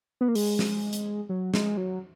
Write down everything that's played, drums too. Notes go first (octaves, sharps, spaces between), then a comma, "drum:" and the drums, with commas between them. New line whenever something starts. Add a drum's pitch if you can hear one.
B3
A#3
G#3, drum: open hi-hat
drum: snare
drum: hi-hat
F#3
G#3, drum: snare
F#3